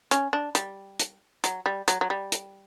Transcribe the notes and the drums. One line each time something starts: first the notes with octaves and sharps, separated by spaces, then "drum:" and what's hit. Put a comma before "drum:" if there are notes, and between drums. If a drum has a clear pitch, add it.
C#4, drum: hi-hat
D4
G3, drum: hi-hat
drum: hi-hat
F#3, drum: hi-hat
G3
F#3, drum: hi-hat
F#3
G3
drum: hi-hat